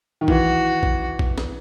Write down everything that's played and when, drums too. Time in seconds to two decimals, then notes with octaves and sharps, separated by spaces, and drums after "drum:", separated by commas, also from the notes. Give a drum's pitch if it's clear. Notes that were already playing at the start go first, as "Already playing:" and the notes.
0.21 D#3
0.28 E3 F#4, drum: kick A#1
0.83 drum: kick A#1
1.19 drum: kick A#1
1.38 drum: snare